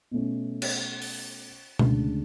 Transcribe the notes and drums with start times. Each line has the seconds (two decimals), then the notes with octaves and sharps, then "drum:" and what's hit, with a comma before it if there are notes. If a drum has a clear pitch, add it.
0.11 B2 A3 C#4
0.62 drum: cymbal
1.02 drum: open hi-hat
1.79 D2 C#3 G#3 D4, drum: tom B2